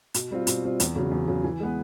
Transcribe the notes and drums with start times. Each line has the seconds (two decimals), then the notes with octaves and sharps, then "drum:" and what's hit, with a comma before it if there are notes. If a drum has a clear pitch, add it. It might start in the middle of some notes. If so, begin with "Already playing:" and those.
0.14 B2, drum: hi-hat
0.31 G3 C4 F4
0.47 B2, drum: hi-hat
0.63 G3 C4 F4
0.80 E2, drum: hi-hat
0.96 C#3 F#3
1.11 E2
1.28 C#3 F#3
1.44 E3
1.60 G#3 B3